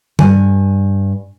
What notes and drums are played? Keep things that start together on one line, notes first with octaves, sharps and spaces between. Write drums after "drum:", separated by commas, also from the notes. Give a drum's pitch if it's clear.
G2 G#5, drum: tom